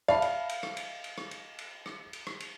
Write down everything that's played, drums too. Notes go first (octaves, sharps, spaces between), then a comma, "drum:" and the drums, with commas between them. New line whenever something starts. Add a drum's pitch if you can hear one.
D5 E5 F5 A5 B5, drum: rim click
drum: cymbal
drum: cymbal
drum: rim click
drum: cymbal
drum: cymbal
drum: rim click
drum: cymbal
drum: cymbal
drum: rim click
drum: cymbal
drum: rim click
drum: cymbal